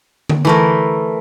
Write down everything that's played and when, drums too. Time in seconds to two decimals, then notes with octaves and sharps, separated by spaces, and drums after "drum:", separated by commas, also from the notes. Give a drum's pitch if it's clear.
0.29 drum: tom D3
0.45 E3 A3 A#4